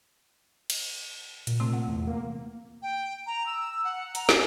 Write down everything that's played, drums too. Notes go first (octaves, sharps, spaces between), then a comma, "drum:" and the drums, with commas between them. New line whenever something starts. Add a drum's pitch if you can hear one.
drum: cymbal
A#2, drum: hi-hat
C3 A3 C4
F#5
E2
A#3
G5
A#5
E6
F#5
A#5, drum: hi-hat
G#5, drum: snare